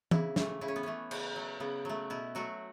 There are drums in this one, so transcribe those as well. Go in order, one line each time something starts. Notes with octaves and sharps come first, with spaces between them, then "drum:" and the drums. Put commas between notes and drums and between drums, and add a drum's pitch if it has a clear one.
C#3 E4, drum: tom E3
E3 A3, drum: snare
C#3 E4
C#4
B3
E3 A3 C#4
C#3, drum: cymbal
F#3 A3
C#3 B3
F#3 A3
B2 E4
F#3 A3 F#4